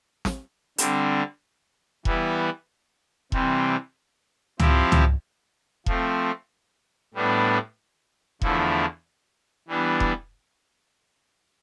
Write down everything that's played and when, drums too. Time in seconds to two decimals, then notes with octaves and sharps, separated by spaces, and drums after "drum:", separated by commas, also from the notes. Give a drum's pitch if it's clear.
0.25 drum: snare
0.78 D3 G3 C4, drum: hi-hat
2.05 E3 G3 B3 E4, drum: kick E1
3.32 C3 E3 G3 C4, drum: kick E1
4.60 F3 C4 E4 G4, drum: tom
4.92 drum: tom
5.86 F3 A3 C4, drum: kick E1
7.14 A2 G3 B3 D4
8.42 E2 D3 F3 A3 E4, drum: kick E1
9.68 E3 G3 B3 D4
10.00 drum: kick E1